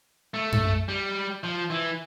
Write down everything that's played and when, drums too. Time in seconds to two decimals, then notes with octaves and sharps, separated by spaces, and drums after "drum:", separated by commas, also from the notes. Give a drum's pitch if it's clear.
0.34 A3
0.52 drum: tom F#2
0.88 G3
1.44 F3
1.70 E3